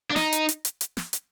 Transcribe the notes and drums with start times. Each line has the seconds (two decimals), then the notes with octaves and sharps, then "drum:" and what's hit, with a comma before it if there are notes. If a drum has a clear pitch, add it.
0.10 D4
0.16 D#4, drum: snare
0.33 drum: hi-hat
0.49 drum: hi-hat
0.65 drum: hi-hat
0.81 drum: hi-hat
0.97 drum: snare
1.13 drum: hi-hat